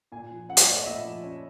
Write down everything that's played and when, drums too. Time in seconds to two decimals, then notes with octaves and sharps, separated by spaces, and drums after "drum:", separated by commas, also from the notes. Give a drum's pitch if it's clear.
0.12 A#2 G#5
0.31 F3
0.49 C#4 F#5
0.57 C5, drum: hi-hat
0.64 C#5
0.68 A3 D5
0.79 D#5
0.86 A#2 E5
1.05 F3
1.24 C#4